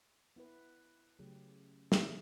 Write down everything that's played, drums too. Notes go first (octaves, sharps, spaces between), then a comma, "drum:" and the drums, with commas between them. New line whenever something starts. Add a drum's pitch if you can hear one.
B3 E4 B4
C#3 F#3 A3 C#4 G4
drum: snare
E3 B3 E4 A4 D5